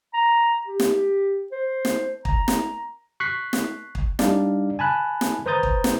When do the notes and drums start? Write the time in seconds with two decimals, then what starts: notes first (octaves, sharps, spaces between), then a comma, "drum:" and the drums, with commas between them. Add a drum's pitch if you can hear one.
0.14 A#5
0.66 G4
0.80 drum: snare
1.52 C5
1.85 drum: snare
2.25 A#5, drum: kick
2.48 drum: snare
3.20 C#6 F#6 B6 C7
3.53 drum: snare
3.95 drum: kick
4.19 G3 D4 D#4 D5 F5, drum: snare
4.79 G#5 A5 B5 F#6
5.21 drum: snare
5.46 B4 C5 A#5 D#6 G6 A6
5.63 drum: kick
5.84 drum: snare